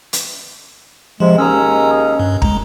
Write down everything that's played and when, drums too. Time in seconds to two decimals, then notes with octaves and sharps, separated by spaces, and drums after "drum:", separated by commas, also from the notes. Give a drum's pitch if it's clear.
0.13 drum: hi-hat
1.20 G#2 C3 F3 G#3
1.38 D#2 G#3 C#4 A#5 D#6 E6
2.20 G2
2.42 G#3 A#5, drum: kick